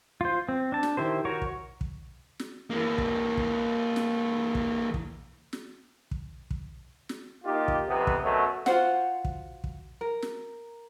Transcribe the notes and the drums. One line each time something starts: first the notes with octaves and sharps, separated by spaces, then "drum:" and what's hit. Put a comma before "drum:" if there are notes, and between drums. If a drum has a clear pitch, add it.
F4 C5
C4
D4 A5
drum: snare
D#3 E4 G4 C5
F#4 A#4 C#5
drum: kick
drum: kick
drum: snare
E3 A#3
drum: kick
drum: kick
drum: snare
drum: kick
drum: kick
drum: snare
drum: kick
drum: kick
drum: snare
A#3 D#4 F4 G4
drum: kick
F2 C3 B3
drum: kick
F#2 B2 F#3 A3
F4 F#4 C5 F#5, drum: snare
drum: kick
drum: kick
A#4
drum: snare